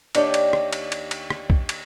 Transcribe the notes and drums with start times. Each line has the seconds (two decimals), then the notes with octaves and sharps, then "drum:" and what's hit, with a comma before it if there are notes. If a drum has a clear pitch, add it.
0.15 D#2 D4 G4 C#5 D5 G5, drum: cymbal
0.34 drum: cymbal
0.53 drum: rim click
0.73 drum: cymbal
0.92 drum: cymbal
1.11 drum: cymbal
1.30 drum: rim click
1.50 drum: kick
1.69 drum: cymbal